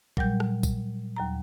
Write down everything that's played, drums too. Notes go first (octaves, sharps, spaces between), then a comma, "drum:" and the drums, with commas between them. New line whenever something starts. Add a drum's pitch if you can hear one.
A#2 F#3 G3 G6, drum: kick A#1
drum: rim click
drum: kick A#1, tambourine
D#2 F#3 A#5